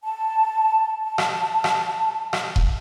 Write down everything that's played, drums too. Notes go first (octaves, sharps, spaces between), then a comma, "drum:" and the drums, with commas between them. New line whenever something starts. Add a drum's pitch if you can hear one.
A5
A5
drum: rim click
drum: rim click
drum: rim click
drum: kick E1